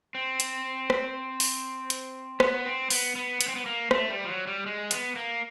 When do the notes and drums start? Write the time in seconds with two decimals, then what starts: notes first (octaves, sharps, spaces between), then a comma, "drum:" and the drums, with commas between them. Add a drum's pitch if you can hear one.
0.15 C4
0.40 drum: hi-hat
0.90 drum: rim click
1.40 drum: open hi-hat
1.90 drum: hi-hat
2.40 B3, drum: rim click
2.65 C4
2.91 B3, drum: open hi-hat
3.16 B3
3.41 B3, drum: hi-hat
3.48 C4
3.56 B3
3.66 A#3
3.91 A3, drum: rim click
4.09 G3
4.24 F3
4.29 F#3
4.47 G3
4.66 G#3
4.91 B3, drum: hi-hat
5.16 A#3